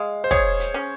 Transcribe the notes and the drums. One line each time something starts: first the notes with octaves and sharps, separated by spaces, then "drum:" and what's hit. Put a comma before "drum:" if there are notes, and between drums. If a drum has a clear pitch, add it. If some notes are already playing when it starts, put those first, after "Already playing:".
Already playing: G#3 F5
C5
G#4 C#5, drum: kick
drum: hi-hat
C#4